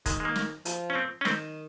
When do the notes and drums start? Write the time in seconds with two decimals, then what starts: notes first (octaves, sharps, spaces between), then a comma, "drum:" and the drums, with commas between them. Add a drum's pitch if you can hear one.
0.06 D#3 G#3, drum: kick, hi-hat
0.20 G#3
0.25 A#3
0.36 drum: snare
0.65 F3, drum: hi-hat
0.90 C#4
0.95 C4
1.21 C#4
1.25 D#3 C4, drum: snare